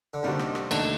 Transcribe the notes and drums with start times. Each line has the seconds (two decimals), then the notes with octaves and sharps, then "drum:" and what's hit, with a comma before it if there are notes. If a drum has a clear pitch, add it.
0.14 D3
0.23 D#2 C3 D#3 G3 D4 F#4 C5
0.39 drum: rim click
0.55 drum: rim click
0.71 D#2 D3 A3 D#4 A4, drum: cymbal